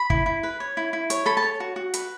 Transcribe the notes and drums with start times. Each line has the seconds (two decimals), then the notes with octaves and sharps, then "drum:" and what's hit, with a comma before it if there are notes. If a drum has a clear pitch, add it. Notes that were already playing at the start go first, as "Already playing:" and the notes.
Already playing: B5
0.10 E4, drum: kick
0.26 E4
0.43 B4
0.60 C#5
0.77 E4
0.93 E4
1.10 C#5, drum: hi-hat
1.26 A4 B5
1.37 A5
1.42 C#5
1.60 F#4
1.76 F#4
1.94 B4, drum: hi-hat